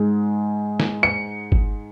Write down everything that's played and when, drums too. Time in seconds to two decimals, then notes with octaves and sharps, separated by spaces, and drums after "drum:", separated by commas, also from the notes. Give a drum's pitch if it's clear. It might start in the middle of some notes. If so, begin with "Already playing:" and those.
Already playing: G#2 G#3
0.80 drum: snare
1.03 C#7
1.52 drum: kick